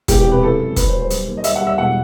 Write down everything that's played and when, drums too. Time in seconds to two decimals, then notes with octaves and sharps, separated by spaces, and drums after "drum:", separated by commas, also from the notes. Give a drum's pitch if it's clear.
0.08 E1 G4, drum: kick, hi-hat
0.20 G4
0.26 C3
0.31 B4
0.42 E4 A4
0.60 F#2
0.76 F#1 B4, drum: kick, hi-hat
0.88 C5
0.93 F#3
1.00 C5
1.11 G3, drum: hi-hat
1.28 D#2
1.37 D#5
1.44 G3 E5, drum: hi-hat
1.56 F#5
1.61 G3
1.67 E5
1.78 E1 F#5